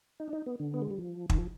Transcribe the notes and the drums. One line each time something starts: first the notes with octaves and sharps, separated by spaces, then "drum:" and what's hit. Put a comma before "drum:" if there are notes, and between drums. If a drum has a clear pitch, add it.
D#4
D4
D#4
B3
D3
B3
G#3
G3
F3
D#3, drum: kick
F3